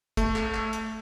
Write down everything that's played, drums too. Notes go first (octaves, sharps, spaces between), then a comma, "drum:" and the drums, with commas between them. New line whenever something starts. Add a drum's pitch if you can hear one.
A3, drum: kick, hi-hat
drum: clap
drum: clap
drum: hi-hat